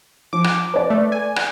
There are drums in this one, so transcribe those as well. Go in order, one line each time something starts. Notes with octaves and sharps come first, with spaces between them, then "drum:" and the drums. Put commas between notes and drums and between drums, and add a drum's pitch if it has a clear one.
F3 D6
drum: rim click
B4 D5
A3
G#5
drum: rim click